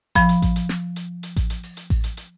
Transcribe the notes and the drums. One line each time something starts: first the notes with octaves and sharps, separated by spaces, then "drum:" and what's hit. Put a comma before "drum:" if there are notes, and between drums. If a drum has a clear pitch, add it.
F3 B5, drum: kick A1, hi-hat
drum: hi-hat
drum: kick A1, hi-hat
drum: hi-hat
drum: snare
drum: hi-hat
drum: hi-hat
drum: kick A1, hi-hat
drum: hi-hat
drum: open hi-hat
drum: hi-hat
drum: kick A1, open hi-hat
drum: hi-hat
drum: hi-hat